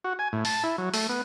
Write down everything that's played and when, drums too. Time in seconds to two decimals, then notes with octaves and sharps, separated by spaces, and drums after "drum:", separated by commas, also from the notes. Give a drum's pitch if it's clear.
0.04 F#4
0.19 G#5
0.33 A2
0.45 A5, drum: open hi-hat
0.63 E4
0.78 F#3
0.94 A3, drum: open hi-hat
1.09 B3